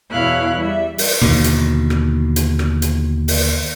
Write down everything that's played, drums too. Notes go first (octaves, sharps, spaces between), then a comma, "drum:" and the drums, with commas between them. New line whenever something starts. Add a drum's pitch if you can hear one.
E2 B2 E4 C#5 F5 F#6
G3 E5
drum: open hi-hat
D#2 B2 D3 D#3
drum: hi-hat
drum: rim click
drum: hi-hat
drum: rim click
drum: hi-hat
drum: open hi-hat